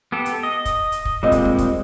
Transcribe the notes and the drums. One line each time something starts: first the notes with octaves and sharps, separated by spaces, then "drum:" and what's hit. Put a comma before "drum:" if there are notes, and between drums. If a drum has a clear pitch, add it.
B3 G4 A4
drum: hi-hat
D#5
drum: kick, hi-hat
drum: hi-hat
drum: kick
D#2 A#2 G3 G#3 C4 D#5
drum: kick, hi-hat
drum: kick
drum: kick, hi-hat